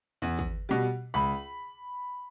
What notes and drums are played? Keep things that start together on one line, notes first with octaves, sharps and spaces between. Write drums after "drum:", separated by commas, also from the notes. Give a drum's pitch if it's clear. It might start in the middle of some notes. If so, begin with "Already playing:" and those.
E2
drum: kick
B2 G3
C#2 B5